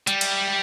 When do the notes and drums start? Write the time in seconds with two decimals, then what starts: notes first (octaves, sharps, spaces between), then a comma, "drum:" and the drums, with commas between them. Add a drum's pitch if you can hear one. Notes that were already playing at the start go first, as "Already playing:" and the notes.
0.07 G3, drum: hi-hat
0.21 drum: cymbal